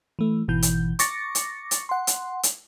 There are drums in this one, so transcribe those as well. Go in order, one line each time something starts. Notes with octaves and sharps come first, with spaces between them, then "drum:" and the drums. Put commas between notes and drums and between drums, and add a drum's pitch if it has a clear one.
E3 A3
G#1 B2 E3 G6
drum: hi-hat
C#6 D6 A6 A#6 C#7, drum: hi-hat
drum: hi-hat
drum: hi-hat
F#5 C6
drum: hi-hat
drum: hi-hat